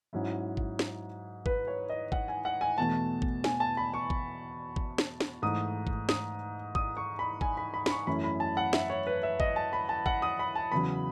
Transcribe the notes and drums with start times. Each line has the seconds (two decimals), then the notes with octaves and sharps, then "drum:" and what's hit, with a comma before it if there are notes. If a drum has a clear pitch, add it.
0.13 G#2 F#3 C#4 E4
0.57 drum: kick G#1
0.79 drum: snare
1.46 B4, drum: kick G#1
1.67 C#5
1.89 D#5
2.12 F#5, drum: kick G#1
2.28 G#5
2.45 F#5
2.61 G#5
2.78 E2 B2 A3 A5
3.22 drum: kick G#1
3.44 G#5, drum: snare
3.60 A5
3.77 B5
3.94 C#6
4.10 drum: kick G#1
4.76 drum: kick G#1
4.98 drum: snare
5.20 drum: snare
5.42 G#2 E3 A3 D#4 D#6
5.87 drum: kick G#1
6.09 D#6, drum: snare
6.75 D#6, drum: kick G#1
6.97 C#6
7.19 B5
7.41 G#5, drum: kick G#1
7.57 B5
7.74 B5
7.86 B5, drum: snare
7.91 C#6
8.07 F#2 E3 A3 C#4 E4 B5
8.24 B5
8.40 A5
8.57 F#5
8.73 E5, drum: snare
8.90 C#5
9.07 B4
9.23 E5
9.40 D#5, drum: kick G#1
9.56 A5
9.73 B5
9.89 A5
10.06 F#5, drum: kick G#1
10.22 D#6
10.39 B5
10.56 A5
10.72 E2 C#3 F#3 B5